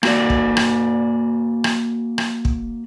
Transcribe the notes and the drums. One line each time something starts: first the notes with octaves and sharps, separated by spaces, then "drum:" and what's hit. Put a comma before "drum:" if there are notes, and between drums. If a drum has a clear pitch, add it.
A#3 F#4 D5, drum: rim click
drum: kick
drum: rim click
drum: rim click
drum: rim click
drum: kick